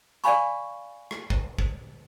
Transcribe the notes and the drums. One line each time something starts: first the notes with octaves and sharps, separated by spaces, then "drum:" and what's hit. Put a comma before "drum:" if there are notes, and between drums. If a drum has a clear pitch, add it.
D5 F5 G#5 B5 C#6, drum: hi-hat
drum: rim click
drum: kick
drum: kick